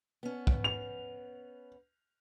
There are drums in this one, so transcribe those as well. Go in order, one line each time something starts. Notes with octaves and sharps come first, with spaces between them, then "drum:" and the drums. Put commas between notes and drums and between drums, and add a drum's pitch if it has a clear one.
B3 C#4
drum: kick
F7